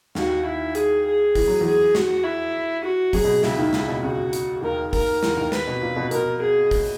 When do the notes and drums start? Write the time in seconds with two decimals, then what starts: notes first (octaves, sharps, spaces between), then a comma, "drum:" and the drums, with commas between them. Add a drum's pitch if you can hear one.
0.15 D#2 D#3 F#4, drum: snare
0.45 E4
0.75 G#4, drum: hi-hat
1.06 G#4
1.35 E3, drum: kick, open hi-hat
1.47 F#3
1.61 E2 E3 G#4
1.95 F#4, drum: snare
2.24 E4
2.84 F#4
3.13 F#2 F#3 G#4, drum: kick, open hi-hat
3.24 B2
3.43 C#2 C#3 E4, drum: snare
3.58 D#2 D#3
3.73 C#2 C#3, drum: snare
3.88 B2
4.03 C#2 C#3 F#4
4.33 drum: hi-hat
4.62 D#2 D#3 A#4
4.93 A#4, drum: kick, open hi-hat
5.23 E2 E3, drum: snare
5.37 D#2 D#3
5.52 B4, drum: snare
5.67 B2
5.81 A#2
5.96 B2
6.11 B2 A#4, drum: hi-hat
6.41 G#4
6.71 drum: kick, open hi-hat